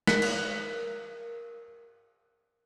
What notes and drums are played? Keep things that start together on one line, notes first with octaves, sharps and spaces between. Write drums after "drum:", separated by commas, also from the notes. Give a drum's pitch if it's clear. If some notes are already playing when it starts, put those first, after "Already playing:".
A#4 F#6 B6 C#7, drum: snare
drum: cymbal